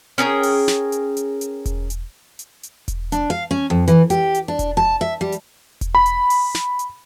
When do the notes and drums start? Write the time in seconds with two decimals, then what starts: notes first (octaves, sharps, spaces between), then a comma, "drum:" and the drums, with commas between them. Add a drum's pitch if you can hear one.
0.18 C#4 G#4 A#4 G5, drum: hi-hat
0.43 drum: open hi-hat
0.68 drum: snare
0.92 drum: hi-hat
1.17 drum: hi-hat
1.41 drum: hi-hat
1.66 drum: kick E1, hi-hat
1.90 drum: hi-hat
2.39 drum: hi-hat
2.63 drum: hi-hat
2.88 drum: kick E1, hi-hat
3.12 D4, drum: hi-hat
3.30 F5
3.51 C#4
3.70 F2
3.88 E3, drum: hi-hat
4.10 G4, drum: hi-hat
4.34 drum: hi-hat
4.48 D4
4.59 drum: kick E1, hi-hat
4.77 A5
5.01 E5
5.21 G3
5.32 drum: hi-hat
5.81 drum: kick E1, hi-hat
5.95 B5
6.06 drum: hi-hat
6.30 drum: open hi-hat
6.55 drum: snare
6.79 drum: hi-hat